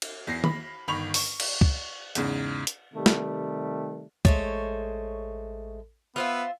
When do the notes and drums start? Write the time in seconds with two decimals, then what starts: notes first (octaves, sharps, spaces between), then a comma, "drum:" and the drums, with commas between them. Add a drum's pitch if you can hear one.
0.02 drum: cymbal
0.27 E2 A#6 C7
0.44 B5, drum: tom
0.88 G1 D#3 B5 C#6 F7
1.14 C#6, drum: open hi-hat
1.40 drum: cymbal
1.61 drum: kick
2.15 E2 G#2 C#3, drum: hi-hat
2.67 drum: hi-hat
2.94 C3 D#3 G3 A3
3.06 drum: snare
4.25 A1 G#3 A3 C5 C#5 A6, drum: kick
6.16 B3 F4 C5 E5